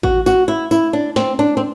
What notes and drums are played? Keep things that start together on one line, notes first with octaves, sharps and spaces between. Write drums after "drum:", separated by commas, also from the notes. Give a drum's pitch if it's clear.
F#4, drum: kick A1
F#4, drum: tambourine
E4
E4, drum: tambourine
D4
C4, drum: snare
D4
C4